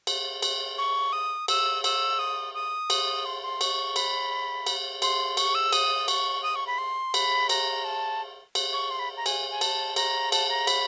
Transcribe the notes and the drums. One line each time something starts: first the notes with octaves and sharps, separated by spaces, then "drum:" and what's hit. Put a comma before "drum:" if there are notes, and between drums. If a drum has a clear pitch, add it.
drum: cymbal
drum: cymbal
C#6
D#6
E6, drum: cymbal
E6, drum: cymbal
D#6
D#6
drum: cymbal
C6
C6
C#6, drum: cymbal
B5, drum: cymbal
drum: cymbal
C6, drum: cymbal
C#6, drum: cymbal
E6
D#6, drum: cymbal
C#6, drum: cymbal
D#6
C#6
B5
C6
B5, drum: cymbal
A#5, drum: cymbal
A5
drum: cymbal
C#6
C6
B5
A#5
G#5, drum: cymbal
G#5
A5, drum: cymbal
A#5, drum: cymbal
A5, drum: cymbal
A#5
B5, drum: cymbal